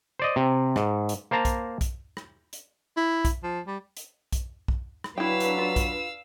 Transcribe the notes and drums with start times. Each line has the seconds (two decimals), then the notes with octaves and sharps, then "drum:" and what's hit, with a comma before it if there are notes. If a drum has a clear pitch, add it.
0.19 C5 D5 D#5
0.36 C3
0.76 G#2, drum: rim click
1.09 drum: hi-hat
1.31 A#3 C5 A5 A#5
1.45 drum: kick B1, hi-hat
1.81 drum: kick B1, hi-hat
2.17 drum: rim click
2.53 drum: hi-hat
2.97 E4
3.25 drum: kick B1, hi-hat
3.44 F3
3.67 G3
3.97 drum: hi-hat
4.32 drum: kick B1, hi-hat
4.68 drum: kick B1
5.04 drum: rim click
5.18 F#3 D4 E4 B4 F5 G5 E6
5.40 drum: hi-hat
5.58 F4
5.76 drum: kick B1, hi-hat